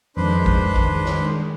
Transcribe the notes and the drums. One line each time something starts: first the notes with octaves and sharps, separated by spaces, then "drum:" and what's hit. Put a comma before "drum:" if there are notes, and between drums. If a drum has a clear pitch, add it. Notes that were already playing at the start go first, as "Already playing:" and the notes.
F2 D#3 G#3 D4 B4 C5
drum: kick A#1
drum: kick A#1
drum: snare